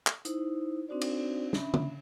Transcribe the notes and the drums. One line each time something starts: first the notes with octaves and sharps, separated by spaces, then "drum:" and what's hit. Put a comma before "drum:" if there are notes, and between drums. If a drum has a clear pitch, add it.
drum: clap
D#4 E4 C5, drum: hi-hat
C4 D4 D#4 F#4 C5 D5
drum: cymbal
C#4 D4 E5 B5, drum: snare
drum: tom